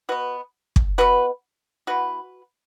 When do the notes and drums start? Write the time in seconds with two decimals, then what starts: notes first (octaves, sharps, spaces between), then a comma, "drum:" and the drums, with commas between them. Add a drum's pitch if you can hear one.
0.09 B2 B3 F#4 B4
0.76 drum: kick
0.98 B2 B3 F#4 B4
1.87 E3 B3 F#4 B4